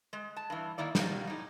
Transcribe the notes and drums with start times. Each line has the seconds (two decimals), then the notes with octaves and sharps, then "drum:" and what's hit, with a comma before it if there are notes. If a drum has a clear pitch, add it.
0.13 G#3
0.36 A5
0.50 G2 E3
0.78 D#3 A#3 E4 D5
0.95 B2 D#3 G3 A3 A#3, drum: snare
1.27 A2 D#4